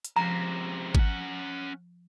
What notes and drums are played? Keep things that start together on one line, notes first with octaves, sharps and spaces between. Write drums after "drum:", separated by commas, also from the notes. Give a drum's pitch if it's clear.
drum: hi-hat
C#2 C3 F3 A#5
C#4 F#5, drum: kick G#1